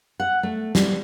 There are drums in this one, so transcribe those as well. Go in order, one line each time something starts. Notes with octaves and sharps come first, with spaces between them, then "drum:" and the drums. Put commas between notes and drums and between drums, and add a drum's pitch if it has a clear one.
F#5
A3
G3, drum: snare